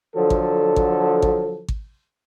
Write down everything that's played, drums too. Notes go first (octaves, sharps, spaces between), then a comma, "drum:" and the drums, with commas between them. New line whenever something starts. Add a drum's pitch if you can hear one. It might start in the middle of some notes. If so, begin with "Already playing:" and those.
D3 F3 F#3 A4
drum: kick G#1
drum: kick G#1
drum: kick G#1
drum: kick G#1